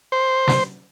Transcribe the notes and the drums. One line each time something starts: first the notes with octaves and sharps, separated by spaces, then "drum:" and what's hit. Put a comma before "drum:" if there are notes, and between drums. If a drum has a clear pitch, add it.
C5
drum: snare